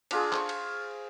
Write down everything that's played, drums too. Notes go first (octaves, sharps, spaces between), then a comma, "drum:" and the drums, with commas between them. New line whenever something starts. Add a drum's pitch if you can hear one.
D4 F4 G#4, drum: cymbal
C5 C#6, drum: clap
drum: cymbal